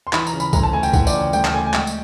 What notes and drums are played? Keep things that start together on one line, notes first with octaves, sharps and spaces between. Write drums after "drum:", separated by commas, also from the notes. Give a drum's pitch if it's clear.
C6
E3 B5, drum: clap
A#5, drum: tambourine
C#3
B5, drum: tambourine
D2 A#5, drum: kick B1, tambourine
A5
A3 G#5
G5, drum: tambourine
E3 F#5, drum: kick B1, tambourine
D5, drum: tambourine
C#3
D2 G5, drum: tambourine
G5, drum: clap
A3 G#5
G#5
G#3 G5, drum: clap
drum: tambourine